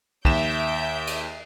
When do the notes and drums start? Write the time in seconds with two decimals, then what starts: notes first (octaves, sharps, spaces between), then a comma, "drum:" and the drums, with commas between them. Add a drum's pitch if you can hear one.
0.25 D#2 E5 G6 D7 E7, drum: kick
1.07 drum: cymbal